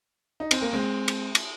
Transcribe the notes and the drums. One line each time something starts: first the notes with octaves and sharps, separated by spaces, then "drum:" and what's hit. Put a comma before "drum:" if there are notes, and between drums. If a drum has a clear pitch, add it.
D#4
C4, drum: cymbal
A#3
G#3 C4
drum: cymbal
drum: cymbal